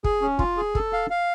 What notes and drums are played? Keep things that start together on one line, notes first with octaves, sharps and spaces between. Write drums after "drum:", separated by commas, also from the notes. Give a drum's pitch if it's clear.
G#4, drum: kick
C#4
F4, drum: kick
G#4
A4, drum: kick
F5
F5